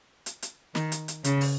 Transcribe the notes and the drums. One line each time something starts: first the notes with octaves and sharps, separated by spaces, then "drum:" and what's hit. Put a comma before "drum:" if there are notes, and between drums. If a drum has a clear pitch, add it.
drum: hi-hat
drum: hi-hat
D#3, drum: snare
drum: hi-hat
drum: hi-hat
C#3, drum: hi-hat
drum: open hi-hat